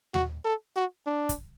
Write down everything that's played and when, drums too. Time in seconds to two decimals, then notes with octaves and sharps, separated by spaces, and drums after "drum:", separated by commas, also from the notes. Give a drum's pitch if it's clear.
0.14 F#4, drum: tom D#2
0.45 A4
0.76 F#4
1.06 D4
1.29 drum: kick, hi-hat